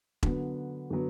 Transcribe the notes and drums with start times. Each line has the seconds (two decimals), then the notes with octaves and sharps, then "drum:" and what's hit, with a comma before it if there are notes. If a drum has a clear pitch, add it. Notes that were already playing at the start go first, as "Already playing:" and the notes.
0.23 D3 F#3 B3, drum: kick E1
0.90 D3 F#3 B3